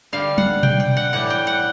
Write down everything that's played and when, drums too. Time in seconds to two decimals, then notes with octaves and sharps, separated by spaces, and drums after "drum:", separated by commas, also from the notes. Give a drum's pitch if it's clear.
0.12 D3 G3 F5
0.38 F#5, drum: tom F#3
0.63 G5, drum: tom B2
0.80 G5
0.97 F#5
1.13 A2 E3 G3 F#5
1.30 G5
1.47 F#5